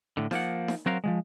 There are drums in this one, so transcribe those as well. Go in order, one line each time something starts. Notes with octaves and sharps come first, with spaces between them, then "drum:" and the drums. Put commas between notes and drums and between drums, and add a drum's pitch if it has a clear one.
A2 D3
F3 A#3 F#5, drum: snare D#4
drum: snare D#4
F#3 C4 F#4 A#4 F5
F3 F#3 G#3